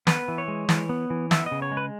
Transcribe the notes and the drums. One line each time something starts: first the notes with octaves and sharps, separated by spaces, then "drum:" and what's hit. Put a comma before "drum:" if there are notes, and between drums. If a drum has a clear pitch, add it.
B3 B4, drum: snare
E3
C#5
G#3
E3, drum: snare
B3
E3
B3 E5, drum: snare
D#5
C#3
C#5
G#3
B4